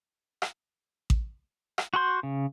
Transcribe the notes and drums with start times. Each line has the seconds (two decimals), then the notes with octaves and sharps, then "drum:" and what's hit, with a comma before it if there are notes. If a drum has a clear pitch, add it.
0.42 drum: rim click
1.10 drum: kick A1
1.78 drum: rim click
1.94 F#4 G#4 C6 G6
2.23 C#3